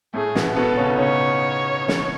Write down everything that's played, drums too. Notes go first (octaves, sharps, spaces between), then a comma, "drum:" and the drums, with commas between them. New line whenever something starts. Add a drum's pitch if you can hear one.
A2 A3 G#4
B2 B3, drum: snare
B2 B3 A4
C#3 C#4
D#4
C#3 C#4 C#5
drum: snare